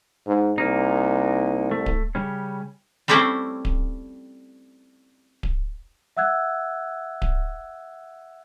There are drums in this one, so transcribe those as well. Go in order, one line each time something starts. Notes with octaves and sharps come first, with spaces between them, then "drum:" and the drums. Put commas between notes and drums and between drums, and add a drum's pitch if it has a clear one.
G#2
C2 A#3 D#4
A3
drum: kick D1
C#3 G3 C#4
G3 A3 C4 C#4 E4 C5
drum: kick D1
drum: kick D1
E5 F#5 E6 F#6 G#6
drum: kick D1